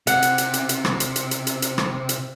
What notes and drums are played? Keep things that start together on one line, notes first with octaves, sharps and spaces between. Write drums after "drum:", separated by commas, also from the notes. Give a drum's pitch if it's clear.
C3 F#5, drum: hi-hat
drum: hi-hat
drum: hi-hat
drum: hi-hat
drum: hi-hat
drum: rim click
drum: hi-hat
drum: hi-hat
drum: hi-hat
drum: hi-hat
drum: hi-hat
drum: rim click
drum: hi-hat